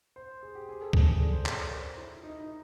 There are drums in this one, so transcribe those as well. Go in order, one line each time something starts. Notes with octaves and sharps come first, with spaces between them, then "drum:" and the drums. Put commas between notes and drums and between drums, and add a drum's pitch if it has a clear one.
C5
G#4
G4
G#4
A4
A4, drum: kick C#2
G#4
D5
C5
C#5, drum: clap
C5
A#4
E4
D#4
D#4